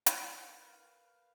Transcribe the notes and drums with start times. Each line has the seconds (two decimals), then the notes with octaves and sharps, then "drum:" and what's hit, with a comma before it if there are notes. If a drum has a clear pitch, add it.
0.06 A#4 B4 F5 G5, drum: hi-hat